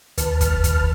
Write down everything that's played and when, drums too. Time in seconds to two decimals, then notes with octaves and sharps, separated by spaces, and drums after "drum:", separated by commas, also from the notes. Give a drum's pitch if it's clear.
0.18 D#2 B4 A5 F6, drum: hi-hat
0.41 drum: kick, hi-hat
0.64 drum: kick, hi-hat